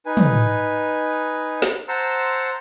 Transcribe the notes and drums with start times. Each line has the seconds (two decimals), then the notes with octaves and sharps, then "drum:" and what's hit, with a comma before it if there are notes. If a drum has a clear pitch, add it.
0.06 D#4 B4 G#5
0.17 drum: tom
1.62 drum: snare
1.88 C5 F#5 A5 A#5 C6 E6